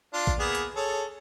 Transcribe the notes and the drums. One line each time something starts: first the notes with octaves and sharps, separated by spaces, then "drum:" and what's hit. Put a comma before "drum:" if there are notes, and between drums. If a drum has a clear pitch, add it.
D4 F4
drum: kick A1
A#3 B3 G#4
drum: hi-hat
G#4 A4 C#5